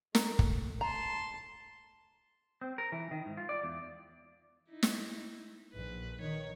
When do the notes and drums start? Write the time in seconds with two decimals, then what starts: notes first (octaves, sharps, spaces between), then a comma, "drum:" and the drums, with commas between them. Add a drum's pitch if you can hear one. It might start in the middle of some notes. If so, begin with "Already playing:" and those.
0.15 A3 A#4, drum: snare
0.39 drum: kick
0.81 A5 A#5 C6
2.61 C4
2.78 A#4
2.92 E3
3.11 D#3
3.26 G#2
3.37 F4
3.49 D5
3.63 E2
4.71 D#4 E4
4.83 drum: snare
5.73 A#1 B4
6.22 D#3 C#5